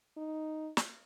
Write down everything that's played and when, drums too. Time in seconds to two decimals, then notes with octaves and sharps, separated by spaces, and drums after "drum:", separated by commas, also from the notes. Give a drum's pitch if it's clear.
0.17 D#4
0.77 drum: snare